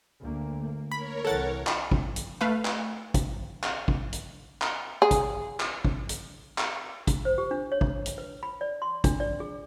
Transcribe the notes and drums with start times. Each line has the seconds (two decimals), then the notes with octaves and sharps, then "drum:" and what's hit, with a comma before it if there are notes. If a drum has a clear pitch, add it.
0.21 D2 A#3
0.60 A#3
0.92 A#4 C#5 B5
1.25 C2 E3 A4 F#5 A6
1.67 drum: clap
1.91 drum: kick
2.16 drum: hi-hat
2.41 A3 B4 F5
2.65 drum: clap
3.14 drum: kick, hi-hat
3.63 drum: clap
3.88 drum: kick
4.13 drum: hi-hat
4.62 drum: clap
5.02 G#4
5.11 drum: kick, hi-hat
5.60 drum: clap
5.85 drum: kick
6.09 drum: hi-hat
6.58 drum: clap
7.07 drum: kick, hi-hat
7.25 C5
7.38 G4
7.51 D4
7.72 C#5
7.81 drum: kick
8.06 drum: hi-hat
8.18 B4
8.43 B5
8.61 D5
8.82 C6
9.04 D4, drum: kick, hi-hat
9.20 D5
9.40 G#4